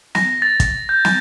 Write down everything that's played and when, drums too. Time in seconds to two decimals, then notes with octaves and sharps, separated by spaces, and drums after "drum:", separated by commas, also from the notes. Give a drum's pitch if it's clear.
0.15 A#6, drum: snare
0.42 A6
0.60 drum: kick, hi-hat
0.89 G6
1.05 drum: snare